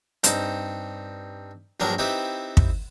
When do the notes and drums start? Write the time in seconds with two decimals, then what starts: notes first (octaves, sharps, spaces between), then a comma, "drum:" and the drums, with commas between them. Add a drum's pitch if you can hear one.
0.24 G2 C4 D#4, drum: hi-hat
1.80 A#1 G2 F#3 D4 A#4 A#5
1.99 C4 D#4 E4 G4 B4
2.57 drum: kick